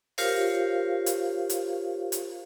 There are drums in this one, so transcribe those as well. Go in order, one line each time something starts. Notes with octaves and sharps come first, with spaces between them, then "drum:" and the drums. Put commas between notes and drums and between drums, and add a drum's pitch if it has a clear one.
F4 G4 A#4 C5 C#5 F5, drum: open hi-hat
drum: hi-hat
drum: hi-hat
drum: hi-hat